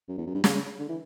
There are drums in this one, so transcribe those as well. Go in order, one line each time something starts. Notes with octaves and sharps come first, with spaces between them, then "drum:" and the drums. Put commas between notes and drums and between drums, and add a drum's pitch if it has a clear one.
F#2
E2
F#2
G2
C#3, drum: snare
D3
E3